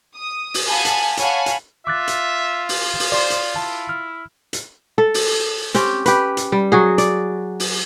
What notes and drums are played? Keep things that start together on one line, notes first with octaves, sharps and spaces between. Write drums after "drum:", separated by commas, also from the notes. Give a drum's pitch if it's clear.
D#6
drum: open hi-hat
F5 F#5 G#5 A5 B5
drum: hi-hat
C#5 F5 F#5 G#5 A5 B5, drum: hi-hat
drum: hi-hat
F4 E5 D6 F#6 A6
drum: hi-hat
drum: open hi-hat
drum: open hi-hat
C5 D5
drum: hi-hat
E4 A5
F6
drum: hi-hat
A4
drum: open hi-hat
C4 C#4 G4, drum: hi-hat
G4 B4, drum: hi-hat
drum: hi-hat
G3
F#3 F#4 G#4
D5, drum: hi-hat
drum: open hi-hat